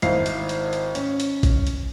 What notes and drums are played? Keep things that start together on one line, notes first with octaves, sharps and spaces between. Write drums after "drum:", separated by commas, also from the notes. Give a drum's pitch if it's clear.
G#1 E4 F5 C7, drum: hi-hat
drum: hi-hat
drum: hi-hat
drum: hi-hat
C#4, drum: hi-hat
drum: hi-hat
drum: kick A#1, hi-hat
drum: hi-hat